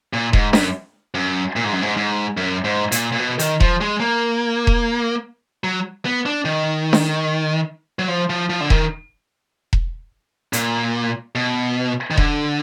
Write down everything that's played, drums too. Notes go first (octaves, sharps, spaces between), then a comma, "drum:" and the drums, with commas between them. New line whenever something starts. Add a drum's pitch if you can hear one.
A#2
G#2, drum: kick E1
F#2, drum: snare D4
F#2
A#2
G#2
F#2
G#2
G#2
F#2
G#2
A#2, drum: hi-hat
A#2
B2
D#3, drum: hi-hat
F3, drum: kick E1
G#3
A#3
drum: kick E1
F#3
B3
D4
D#3
drum: snare D4
F#3
F3
F3
F3
D3
D#3, drum: kick E1
drum: kick E1
A#2, drum: hi-hat
B2
D#3
D3, drum: kick E1